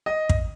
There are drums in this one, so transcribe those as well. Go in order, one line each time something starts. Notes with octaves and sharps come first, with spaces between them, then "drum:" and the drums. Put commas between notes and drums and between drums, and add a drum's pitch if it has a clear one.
D#5
drum: kick